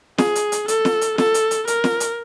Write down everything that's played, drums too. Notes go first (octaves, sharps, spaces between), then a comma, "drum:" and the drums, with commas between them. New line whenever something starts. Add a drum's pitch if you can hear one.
G#4, drum: snare
drum: hi-hat
drum: hi-hat
A4, drum: hi-hat
drum: snare
drum: hi-hat
A4, drum: snare
drum: hi-hat
drum: hi-hat
A#4, drum: hi-hat
drum: snare
drum: hi-hat